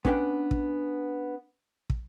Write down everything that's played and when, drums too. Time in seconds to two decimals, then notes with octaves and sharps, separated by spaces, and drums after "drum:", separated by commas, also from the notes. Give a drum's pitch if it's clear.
0.05 B3 C#4 D4 B4 G5, drum: kick
0.51 drum: kick
1.90 drum: kick